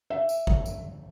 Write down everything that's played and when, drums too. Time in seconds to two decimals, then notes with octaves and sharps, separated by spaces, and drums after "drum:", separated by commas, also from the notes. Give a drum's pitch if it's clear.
0.10 E5
0.29 drum: tambourine
0.47 drum: kick G#1
0.66 drum: tambourine